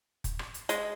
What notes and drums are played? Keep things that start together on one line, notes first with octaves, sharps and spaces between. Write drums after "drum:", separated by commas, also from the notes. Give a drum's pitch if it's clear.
drum: kick, hi-hat
drum: rim click
drum: hi-hat
G#3, drum: hi-hat